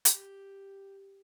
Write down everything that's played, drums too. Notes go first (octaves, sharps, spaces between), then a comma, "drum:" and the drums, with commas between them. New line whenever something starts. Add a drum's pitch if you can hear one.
G4, drum: hi-hat